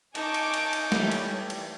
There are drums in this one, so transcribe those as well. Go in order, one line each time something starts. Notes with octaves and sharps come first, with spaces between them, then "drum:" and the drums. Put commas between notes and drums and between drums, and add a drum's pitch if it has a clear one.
D#4 G#5 A5 C#6 D6, drum: cymbal
drum: cymbal
drum: cymbal
drum: cymbal
E3 G3 A3 G4 C#5, drum: snare
drum: cymbal
drum: cymbal